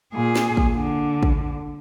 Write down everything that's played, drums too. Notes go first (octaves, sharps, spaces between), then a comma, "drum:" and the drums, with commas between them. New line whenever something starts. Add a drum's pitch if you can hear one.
A#2 G#4
drum: snare
drum: kick
D3
drum: kick